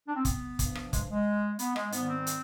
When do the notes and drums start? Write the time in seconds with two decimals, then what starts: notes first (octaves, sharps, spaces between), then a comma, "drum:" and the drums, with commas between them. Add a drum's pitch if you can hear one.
0.08 D4
0.16 C4
0.25 B3, drum: kick, hi-hat
0.59 G2 F3, drum: kick, hi-hat
0.75 drum: rim click
0.93 G#3, drum: kick, hi-hat
1.11 G#3
1.59 B3, drum: hi-hat
1.76 G#3, drum: rim click
1.92 G#2 D#3 G3 B3, drum: hi-hat
2.09 C4
2.27 drum: hi-hat